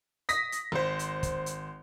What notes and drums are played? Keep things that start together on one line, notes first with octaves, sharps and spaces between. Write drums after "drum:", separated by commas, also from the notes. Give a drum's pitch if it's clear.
D#6 A#6 B6, drum: hi-hat
drum: hi-hat
G#1 C5
drum: hi-hat
drum: kick, hi-hat
drum: hi-hat